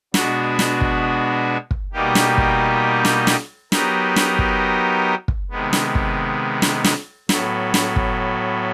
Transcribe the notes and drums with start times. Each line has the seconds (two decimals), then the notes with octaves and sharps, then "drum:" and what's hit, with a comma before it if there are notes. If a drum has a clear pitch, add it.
0.14 B2 G#3 B3 D4 F#4, drum: snare
0.59 drum: snare
0.81 drum: kick
1.71 drum: kick
1.93 B2 G3 A#3 D#4 G4
2.15 drum: snare
2.38 drum: kick
3.05 drum: snare
3.27 drum: snare
3.72 F#3 B3 D#4 G4 A#4, drum: snare
4.16 drum: snare
4.39 drum: kick
5.28 drum: kick
5.51 C3 D#3 G#3 B3
5.73 drum: snare
5.95 drum: kick
6.62 drum: snare
6.84 drum: snare
7.29 A2 F#3 B3, drum: snare
7.74 drum: snare
7.96 drum: kick